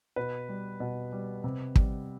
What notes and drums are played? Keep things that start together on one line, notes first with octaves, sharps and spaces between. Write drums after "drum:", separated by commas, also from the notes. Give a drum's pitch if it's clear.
B2 B4
G3
B2
G3
C3
G3, drum: kick